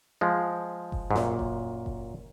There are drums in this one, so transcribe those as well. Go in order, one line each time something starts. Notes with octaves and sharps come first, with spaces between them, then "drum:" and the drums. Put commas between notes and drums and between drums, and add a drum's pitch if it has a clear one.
F3 G#3
drum: kick F#1
G#2
F#2 A#2, drum: snare
drum: kick F#1
drum: kick F#1